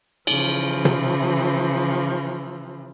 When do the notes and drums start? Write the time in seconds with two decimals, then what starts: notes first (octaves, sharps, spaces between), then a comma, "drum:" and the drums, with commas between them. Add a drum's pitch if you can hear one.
0.27 C#3 E3 F3, drum: cymbal
0.85 drum: tom